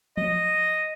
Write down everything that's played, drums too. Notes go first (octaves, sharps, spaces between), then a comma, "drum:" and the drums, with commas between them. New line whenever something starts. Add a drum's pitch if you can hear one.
D#5, drum: tom F3